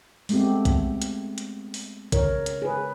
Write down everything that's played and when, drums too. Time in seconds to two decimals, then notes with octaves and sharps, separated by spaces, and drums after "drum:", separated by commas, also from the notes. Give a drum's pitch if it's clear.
0.29 G#3 A3 B3 C4 G4, drum: open hi-hat
0.65 drum: kick A#1, hi-hat
1.02 drum: hi-hat
1.38 drum: hi-hat
1.74 drum: open hi-hat
2.12 C#3 A#4 C#5, drum: kick A#1, hi-hat
2.46 drum: hi-hat
2.62 G#4 B4